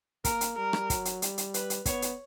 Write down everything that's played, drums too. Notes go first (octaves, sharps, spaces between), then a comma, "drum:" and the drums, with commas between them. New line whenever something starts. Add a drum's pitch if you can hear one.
A#3 A#4, drum: kick, hi-hat
drum: hi-hat
G3 A#4
drum: rim click
F#3, drum: kick, hi-hat
drum: hi-hat
G3, drum: hi-hat
drum: hi-hat
B4, drum: hi-hat
drum: hi-hat
B3 C#5, drum: kick, hi-hat
drum: hi-hat